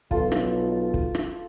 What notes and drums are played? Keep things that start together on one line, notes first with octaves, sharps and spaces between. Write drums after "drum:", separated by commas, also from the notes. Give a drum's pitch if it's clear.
B1 F4 A4, drum: kick
drum: rim click
drum: kick
drum: rim click